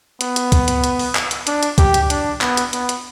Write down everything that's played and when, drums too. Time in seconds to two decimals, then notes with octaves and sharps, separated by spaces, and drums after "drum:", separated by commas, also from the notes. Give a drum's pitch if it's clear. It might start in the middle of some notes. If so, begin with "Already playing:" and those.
0.21 B3, drum: hi-hat
0.36 drum: hi-hat
0.52 drum: kick C2, hi-hat
0.68 drum: hi-hat
0.84 drum: hi-hat
0.99 drum: open hi-hat
1.15 drum: clap
1.31 drum: hi-hat
1.47 D4, drum: hi-hat
1.63 drum: hi-hat
1.78 G4, drum: kick C2, hi-hat
1.94 drum: hi-hat
2.10 D4, drum: hi-hat
2.41 B3, drum: clap
2.57 drum: hi-hat
2.73 B3, drum: hi-hat
2.89 drum: hi-hat